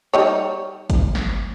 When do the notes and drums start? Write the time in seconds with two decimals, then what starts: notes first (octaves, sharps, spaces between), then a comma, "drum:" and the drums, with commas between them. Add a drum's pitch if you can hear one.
0.14 G3 D#4 C#5
0.90 drum: kick, hi-hat
1.15 drum: snare